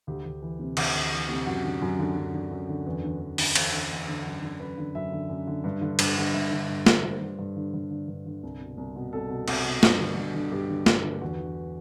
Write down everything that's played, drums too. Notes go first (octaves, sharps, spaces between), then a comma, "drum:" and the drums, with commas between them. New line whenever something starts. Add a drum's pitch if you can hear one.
D2 G4
D2
E3
C3
D2, drum: cymbal
D2
E3
C3
F#2 F#4
D3
F#2
D3
F#2
D3
F#2
D3
E2
D3
E2
D3, drum: open hi-hat
E2, drum: cymbal
D3
E2
D3
F#2
D3
F#2 B4
D3
F#2 E5
D3
F#2
D3
G2
D3
G2, drum: cymbal
D3
G2 E5
D3
G2
D3, drum: snare
G2 C5
D3
G2
D3
G2
D3
G2
D3
C2
B2
C2
B2
C2 A4
B2
C2, drum: cymbal
B2
G2, drum: snare
D3
G2
D3
G2 G4
D3
G2, drum: snare
D3
E2 F#4
D3